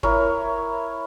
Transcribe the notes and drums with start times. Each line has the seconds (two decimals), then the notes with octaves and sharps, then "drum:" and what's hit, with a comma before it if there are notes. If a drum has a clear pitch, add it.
0.03 E4 A#4 C#5, drum: kick